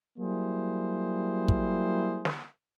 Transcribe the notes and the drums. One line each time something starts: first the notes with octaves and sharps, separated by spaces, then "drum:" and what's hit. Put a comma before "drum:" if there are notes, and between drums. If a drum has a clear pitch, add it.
F#3 G3 A#3 E4 G#4 C5
drum: kick
drum: snare